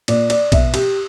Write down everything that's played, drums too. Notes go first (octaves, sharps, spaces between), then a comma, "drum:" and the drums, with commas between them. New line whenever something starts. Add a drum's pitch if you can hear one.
A#2 D5, drum: cymbal
D5, drum: cymbal
B2 E5, drum: kick A#1, cymbal
G4, drum: cymbal